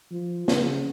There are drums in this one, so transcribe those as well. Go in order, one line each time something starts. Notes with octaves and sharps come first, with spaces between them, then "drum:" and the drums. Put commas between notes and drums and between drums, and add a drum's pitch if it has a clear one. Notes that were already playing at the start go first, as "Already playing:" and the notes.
F3
C#3, drum: snare